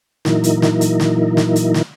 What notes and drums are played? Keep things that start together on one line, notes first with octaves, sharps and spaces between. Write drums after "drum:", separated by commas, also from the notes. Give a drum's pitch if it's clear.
A#2 E3 F#3 D#4 E4 A#4, drum: snare
drum: hi-hat
drum: snare
drum: hi-hat
drum: snare
drum: snare
drum: hi-hat
drum: snare